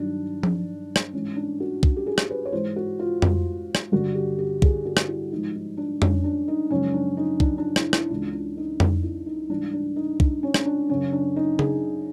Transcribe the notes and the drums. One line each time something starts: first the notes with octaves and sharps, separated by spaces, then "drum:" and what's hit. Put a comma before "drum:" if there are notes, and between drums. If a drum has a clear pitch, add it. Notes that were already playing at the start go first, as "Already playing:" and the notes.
Already playing: G2 D#3 F#3 D4
drum: tom F3
drum: rim click
G#2 E3 G#3 C#4
D4
F#4
drum: kick
G4
G#4
drum: rim click
B4
C#5
G#2 E3 G#3 C5
F#4
F4
drum: tom F2
drum: rim click
G2 D3 G3 F#4
G4
G4
G#4, drum: kick
F#4
drum: rim click
E4
G#2 F3 G#3 D#4
D#4
D4
C#4, drum: tom F2
D4
D#4
F#2 C#3 F3 G#3 C#4
D4
D#4
D4, drum: kick
D4
E4, drum: rim click
E4, drum: rim click
C#2 C#3 E3 G#3 D4
D4
D#4
D#4, drum: tom F2
E4
D#4
G#2 E3 G3 D4
D4
D#4
D4, drum: kick
C#4
drum: rim click
D4
F#2 C#3 F#3 C#4
D4
D#4
G#4, drum: tom C#3